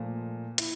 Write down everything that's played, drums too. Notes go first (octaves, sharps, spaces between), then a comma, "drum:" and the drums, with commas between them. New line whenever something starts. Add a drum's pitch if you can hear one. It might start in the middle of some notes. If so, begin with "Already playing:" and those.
Already playing: A#2 F3 A3
E4, drum: hi-hat